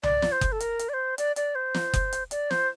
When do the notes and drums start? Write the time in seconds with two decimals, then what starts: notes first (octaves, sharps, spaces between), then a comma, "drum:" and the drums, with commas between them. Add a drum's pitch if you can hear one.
0.03 D5, drum: tom C2
0.22 drum: snare
0.32 C5
0.41 drum: kick F#1, hi-hat
0.52 A4
0.60 A#4, drum: hi-hat
0.79 drum: hi-hat
0.89 D5
0.94 C5
1.18 D5, drum: hi-hat
1.36 D5, drum: hi-hat
1.55 C5
1.74 drum: snare
1.93 drum: kick F#1, hi-hat
2.13 drum: hi-hat
2.31 D5, drum: hi-hat
2.51 C5, drum: snare